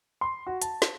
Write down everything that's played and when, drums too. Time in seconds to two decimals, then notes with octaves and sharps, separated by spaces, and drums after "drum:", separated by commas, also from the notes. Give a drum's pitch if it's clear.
0.21 C6
0.47 F#4
0.62 A5, drum: hi-hat
0.82 drum: snare